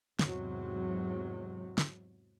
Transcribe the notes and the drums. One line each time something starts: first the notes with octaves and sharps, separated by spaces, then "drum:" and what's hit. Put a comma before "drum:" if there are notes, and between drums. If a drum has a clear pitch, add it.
E2 G#2 C3 F#3, drum: snare
drum: snare